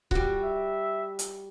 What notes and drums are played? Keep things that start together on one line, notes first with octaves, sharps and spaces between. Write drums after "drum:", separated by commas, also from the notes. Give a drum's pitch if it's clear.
G3 F#4, drum: kick C#1
E5
drum: hi-hat